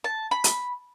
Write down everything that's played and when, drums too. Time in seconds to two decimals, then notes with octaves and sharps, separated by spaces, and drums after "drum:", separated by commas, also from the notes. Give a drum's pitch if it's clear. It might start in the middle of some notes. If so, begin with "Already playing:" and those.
0.04 A5
0.31 B5
0.44 drum: hi-hat